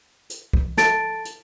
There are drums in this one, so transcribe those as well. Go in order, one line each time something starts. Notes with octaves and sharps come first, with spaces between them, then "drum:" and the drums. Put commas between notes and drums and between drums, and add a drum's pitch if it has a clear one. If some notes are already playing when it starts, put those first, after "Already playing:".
drum: hi-hat
drum: kick C2
A4 A5 A6 D7, drum: snare
drum: hi-hat